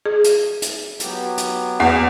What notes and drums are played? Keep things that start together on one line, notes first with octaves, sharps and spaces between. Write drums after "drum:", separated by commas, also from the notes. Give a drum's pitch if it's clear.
G#4
drum: hi-hat
drum: hi-hat
F#3 B3 G4, drum: hi-hat
drum: hi-hat
E2 F#5